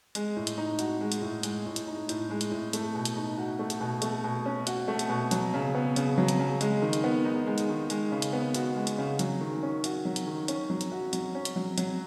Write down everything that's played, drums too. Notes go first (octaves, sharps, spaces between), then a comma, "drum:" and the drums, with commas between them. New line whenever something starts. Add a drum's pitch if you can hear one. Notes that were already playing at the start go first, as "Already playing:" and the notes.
G#3, drum: hi-hat
A2
drum: hi-hat
D#4
F#4, drum: hi-hat
G#3
drum: hi-hat
A2
G#3, drum: hi-hat
A2
drum: hi-hat
D#4
A2, drum: hi-hat
G#3
drum: hi-hat
A2
A3, drum: hi-hat
B2
drum: hi-hat
D#4
F#4
A3
drum: hi-hat
B2
A3, drum: hi-hat
B2
C#4
F#4, drum: hi-hat
A3
drum: hi-hat
B2
F#3, drum: hi-hat
C#3
B3
C#3, drum: hi-hat
F#3
drum: hi-hat
C#3
G#3, drum: hi-hat
D#3
drum: hi-hat
B3
D#4
G#3
drum: hi-hat
D#3
G#3, drum: hi-hat
C#3
drum: hi-hat
B3
F#4, drum: hi-hat
G#3
drum: hi-hat
C#3
F#3, drum: hi-hat
D#3
C#4
F#4, drum: hi-hat
F#3
drum: hi-hat
D#3
C#4, drum: hi-hat
F#3
drum: hi-hat
F#4
F#3, drum: hi-hat
C#4
drum: hi-hat
F#3
F#3, drum: hi-hat